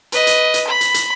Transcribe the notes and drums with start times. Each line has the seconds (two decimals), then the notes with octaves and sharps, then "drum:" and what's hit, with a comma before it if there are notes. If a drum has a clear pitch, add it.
0.12 B4 D#5, drum: hi-hat
0.27 drum: hi-hat
0.54 drum: hi-hat
0.67 B5
0.81 drum: hi-hat
0.94 drum: hi-hat